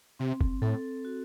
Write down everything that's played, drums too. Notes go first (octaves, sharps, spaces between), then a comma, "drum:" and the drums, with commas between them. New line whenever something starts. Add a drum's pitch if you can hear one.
C3 C4
drum: kick
A2 A4
F#4